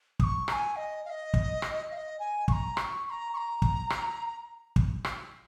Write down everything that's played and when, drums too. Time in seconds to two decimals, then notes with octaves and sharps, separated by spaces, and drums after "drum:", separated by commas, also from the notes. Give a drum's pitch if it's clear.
0.19 D#6, drum: kick
0.23 C#6
0.48 A#5, drum: rim click
0.52 G#5
0.76 D#5
1.05 F5
1.10 D#5
1.34 drum: kick
1.62 drum: rim click
1.91 F5
1.95 D#5
2.19 G#5
2.48 C#6, drum: kick
2.52 A#5
2.77 C#6, drum: rim click
3.05 C#6
3.10 A#5
3.33 C#6
3.37 A#5
3.62 drum: kick
3.90 drum: rim click
4.76 drum: kick
5.05 drum: rim click